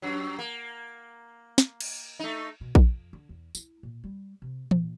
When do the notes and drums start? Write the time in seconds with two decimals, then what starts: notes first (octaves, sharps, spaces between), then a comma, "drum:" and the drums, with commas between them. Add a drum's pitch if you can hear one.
0.02 F#2 F#3
0.39 A#3
1.58 drum: snare
1.81 drum: cymbal
2.19 A3 D#4
2.61 B2
2.75 F2, drum: kick A#1
3.13 D3
3.29 E2
3.55 E4, drum: tambourine
3.83 A#2
4.04 G3
4.42 C3
4.71 A#2, drum: tom E3